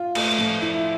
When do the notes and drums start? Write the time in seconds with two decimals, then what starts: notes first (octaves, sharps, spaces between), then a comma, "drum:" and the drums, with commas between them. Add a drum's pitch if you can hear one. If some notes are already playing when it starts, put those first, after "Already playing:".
Already playing: F4
0.15 A3, drum: cymbal
0.39 F3
0.62 E4